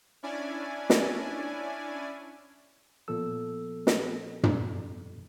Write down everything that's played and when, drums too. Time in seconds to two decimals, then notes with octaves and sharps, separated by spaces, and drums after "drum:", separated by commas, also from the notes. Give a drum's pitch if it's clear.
0.23 C#4 D4 E4 D5 G#5
0.90 drum: snare
3.08 A#2 F3 B3 A4 E6
3.87 drum: snare
4.43 drum: tom